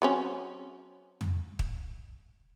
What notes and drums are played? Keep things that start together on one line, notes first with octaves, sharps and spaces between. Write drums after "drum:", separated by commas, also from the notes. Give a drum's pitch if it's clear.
F#3 C4 C#4
drum: tom
drum: kick